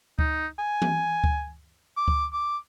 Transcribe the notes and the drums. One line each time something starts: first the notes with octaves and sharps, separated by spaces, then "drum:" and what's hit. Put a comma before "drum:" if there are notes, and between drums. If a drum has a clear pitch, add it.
D#4, drum: kick D2
G#5
drum: tom E3
drum: kick D2
D6
drum: kick D2
D6